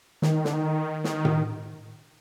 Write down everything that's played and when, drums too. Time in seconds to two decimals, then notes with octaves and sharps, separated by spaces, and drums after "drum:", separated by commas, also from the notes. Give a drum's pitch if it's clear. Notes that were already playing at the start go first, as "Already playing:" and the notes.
0.22 D#3, drum: snare
0.45 D3, drum: snare
0.53 D#3
1.04 drum: snare
1.25 drum: tom A2